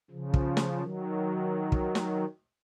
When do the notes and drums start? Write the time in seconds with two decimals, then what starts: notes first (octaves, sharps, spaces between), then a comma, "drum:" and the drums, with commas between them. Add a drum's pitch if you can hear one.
0.11 C#3 F3
0.34 drum: kick
0.57 drum: snare
0.79 D#3 F#3
1.72 drum: kick
1.95 drum: snare